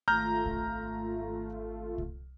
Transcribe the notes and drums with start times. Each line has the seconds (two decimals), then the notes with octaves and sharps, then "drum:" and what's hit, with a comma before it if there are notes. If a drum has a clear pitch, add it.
0.08 G#1 A3 F4 A#5 F6 G6
0.46 drum: kick C2
1.98 drum: kick C2